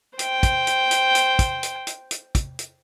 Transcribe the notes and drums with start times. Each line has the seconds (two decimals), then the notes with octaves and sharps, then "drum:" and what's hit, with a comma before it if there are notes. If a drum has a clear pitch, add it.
0.19 C5 G5, drum: hi-hat
0.43 drum: kick, hi-hat
0.67 drum: hi-hat
0.91 drum: hi-hat
1.15 drum: hi-hat
1.39 drum: kick, hi-hat
1.63 drum: hi-hat
1.87 drum: hi-hat
2.11 drum: hi-hat
2.35 drum: kick, hi-hat
2.59 drum: hi-hat